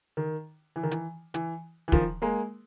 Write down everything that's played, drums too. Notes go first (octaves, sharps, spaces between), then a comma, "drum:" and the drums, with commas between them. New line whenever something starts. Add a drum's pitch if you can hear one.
D#3
E3
D#3
E3, drum: hi-hat
E3, drum: hi-hat
E3
D#3 F3, drum: kick
G#3 A#3